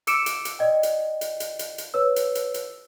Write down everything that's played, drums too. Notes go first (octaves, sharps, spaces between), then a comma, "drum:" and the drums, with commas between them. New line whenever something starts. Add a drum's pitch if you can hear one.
D6 E6 C#7 D7 E7, drum: hi-hat
drum: hi-hat
drum: hi-hat
D5 D#5 G5
drum: hi-hat
drum: hi-hat
drum: hi-hat
drum: hi-hat
drum: hi-hat
B4 C#5 E6
drum: hi-hat
drum: hi-hat
drum: hi-hat